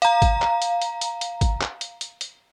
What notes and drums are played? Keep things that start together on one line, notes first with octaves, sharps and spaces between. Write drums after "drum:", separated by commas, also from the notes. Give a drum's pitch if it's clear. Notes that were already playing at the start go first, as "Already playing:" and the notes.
F5 A#5, drum: hi-hat
drum: kick, hi-hat
drum: clap
drum: hi-hat
drum: hi-hat
drum: hi-hat
drum: hi-hat
drum: kick, hi-hat
drum: clap
drum: hi-hat
drum: hi-hat
drum: hi-hat